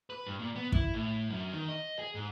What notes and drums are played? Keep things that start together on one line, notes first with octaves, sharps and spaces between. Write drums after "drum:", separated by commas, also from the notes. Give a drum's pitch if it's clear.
B4
G2
A#2
B3
E4, drum: kick
A2
F#2
D#3
D#5
G#4
G#2